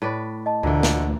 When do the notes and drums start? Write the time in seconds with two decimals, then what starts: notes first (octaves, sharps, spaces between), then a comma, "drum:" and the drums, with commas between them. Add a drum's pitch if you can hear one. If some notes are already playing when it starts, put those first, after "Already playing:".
0.02 A2 B4 D5
0.46 D#5 A5
0.63 D2 A#2 D3 E3
0.83 drum: snare